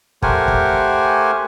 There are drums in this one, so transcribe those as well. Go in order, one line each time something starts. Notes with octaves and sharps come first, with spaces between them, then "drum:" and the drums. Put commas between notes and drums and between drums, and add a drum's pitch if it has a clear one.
A3 G4 A#4 C5 F#5 G#5, drum: kick
drum: kick